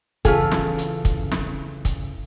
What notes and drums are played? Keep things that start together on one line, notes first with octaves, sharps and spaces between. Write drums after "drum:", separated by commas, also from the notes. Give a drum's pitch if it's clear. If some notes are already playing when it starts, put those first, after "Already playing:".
C#3 E3 C#4 F4 G#4 A4, drum: kick, hi-hat
drum: snare
drum: hi-hat
drum: kick, hi-hat
drum: snare
drum: kick, hi-hat